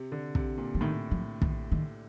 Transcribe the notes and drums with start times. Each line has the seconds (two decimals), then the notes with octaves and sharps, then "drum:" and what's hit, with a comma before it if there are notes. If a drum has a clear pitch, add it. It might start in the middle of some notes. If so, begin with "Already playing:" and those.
Already playing: C3
0.12 D3
0.35 C3, drum: kick
0.58 A#2
0.75 F3
0.81 A2 D#3
1.11 F3
1.42 D#3, drum: kick
1.72 D#3